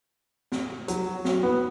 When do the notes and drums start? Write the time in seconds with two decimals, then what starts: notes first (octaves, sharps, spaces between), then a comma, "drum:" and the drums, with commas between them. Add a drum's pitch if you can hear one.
0.52 drum: snare
0.88 F#3, drum: hi-hat
1.25 drum: snare
1.43 B3